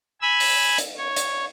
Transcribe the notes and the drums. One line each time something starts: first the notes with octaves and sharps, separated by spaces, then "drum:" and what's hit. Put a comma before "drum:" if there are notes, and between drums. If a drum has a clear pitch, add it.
G#5 B5 E6
drum: open hi-hat
drum: hi-hat
C#5
drum: hi-hat